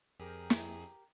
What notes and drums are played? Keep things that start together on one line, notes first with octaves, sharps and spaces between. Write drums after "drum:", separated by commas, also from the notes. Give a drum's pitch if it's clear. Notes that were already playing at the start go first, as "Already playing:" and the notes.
F2 G4 G#4 A#4
drum: snare